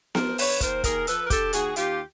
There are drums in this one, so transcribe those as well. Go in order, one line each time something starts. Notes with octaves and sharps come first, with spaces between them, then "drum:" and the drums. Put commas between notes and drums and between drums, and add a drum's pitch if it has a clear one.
F3 A#4 C5, drum: snare B3
D3 B4 C#5, drum: open hi-hat
D#2 A#4 C5, drum: kick, hi-hat
D#2 G#4 A#4, drum: kick, hi-hat
F3 A4 B4, drum: hi-hat
A#4
D3 G4 A4, drum: kick, hi-hat
D#2 F#4 G#4, drum: hi-hat
D#2 F4 G4, drum: hi-hat